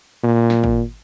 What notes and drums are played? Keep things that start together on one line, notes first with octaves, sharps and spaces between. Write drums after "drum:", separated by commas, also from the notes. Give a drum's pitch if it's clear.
A#2
drum: snare
drum: kick